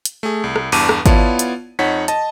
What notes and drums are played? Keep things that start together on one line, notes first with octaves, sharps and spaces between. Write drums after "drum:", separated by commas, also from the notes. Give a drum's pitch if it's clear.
drum: hi-hat
A3 G#4
C2
drum: rim click
E2 G2 A5 D6 D#7, drum: open hi-hat
drum: rim click
B3 E4 F4 C#5 D5 A5, drum: kick G#1, hi-hat
drum: hi-hat
F2 D#4 C#5 F#5 B6
D#5 A5, drum: hi-hat